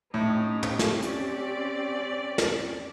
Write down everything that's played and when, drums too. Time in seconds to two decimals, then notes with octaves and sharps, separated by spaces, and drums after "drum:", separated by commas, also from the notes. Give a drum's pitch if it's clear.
0.14 A2 C4 C#4 D#4 G4
0.63 drum: tom
0.79 drum: snare
1.02 D5, drum: hi-hat
2.38 drum: snare